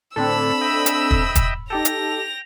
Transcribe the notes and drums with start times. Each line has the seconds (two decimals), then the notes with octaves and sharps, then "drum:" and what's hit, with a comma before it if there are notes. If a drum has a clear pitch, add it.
0.16 A2 D3 C4 D4 A4 B5 E6
0.61 D#5 E5 G5
0.86 drum: hi-hat
1.11 drum: kick
1.35 drum: kick, hi-hat
1.70 D#4 G4 A4 G5 A#6 F7
1.85 drum: hi-hat